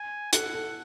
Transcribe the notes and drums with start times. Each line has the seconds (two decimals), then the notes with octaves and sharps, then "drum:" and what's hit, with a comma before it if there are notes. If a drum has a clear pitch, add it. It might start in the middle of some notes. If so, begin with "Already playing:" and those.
Already playing: G#5
0.33 A4 F#5, drum: hi-hat
0.53 A4